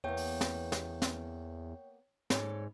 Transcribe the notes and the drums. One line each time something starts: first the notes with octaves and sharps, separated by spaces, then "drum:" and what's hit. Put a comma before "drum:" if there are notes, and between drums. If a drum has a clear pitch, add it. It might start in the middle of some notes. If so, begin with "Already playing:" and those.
E2 A#3 B3 C#5 G5
drum: open hi-hat
drum: snare
drum: snare
drum: snare
G#2 A4 C#5 D5, drum: snare